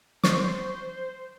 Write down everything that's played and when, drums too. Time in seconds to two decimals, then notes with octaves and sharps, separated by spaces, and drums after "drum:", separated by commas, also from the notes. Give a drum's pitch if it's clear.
0.24 C5 C#6, drum: snare